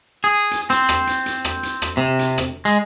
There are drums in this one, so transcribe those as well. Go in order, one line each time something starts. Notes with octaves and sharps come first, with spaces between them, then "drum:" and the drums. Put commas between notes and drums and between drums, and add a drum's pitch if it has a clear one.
G#4
drum: hi-hat
C4, drum: hi-hat
drum: rim click
drum: hi-hat
drum: hi-hat
drum: rim click
drum: hi-hat
drum: rim click
C3
drum: hi-hat
drum: rim click
G#3